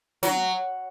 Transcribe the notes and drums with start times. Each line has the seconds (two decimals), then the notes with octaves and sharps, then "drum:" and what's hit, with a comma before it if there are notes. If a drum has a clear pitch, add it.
0.23 F#3, drum: snare